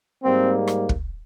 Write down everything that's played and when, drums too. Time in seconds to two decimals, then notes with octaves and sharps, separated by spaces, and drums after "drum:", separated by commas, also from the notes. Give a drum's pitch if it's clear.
0.24 G#2 G3 A#3 C4
0.68 drum: rim click
0.89 drum: kick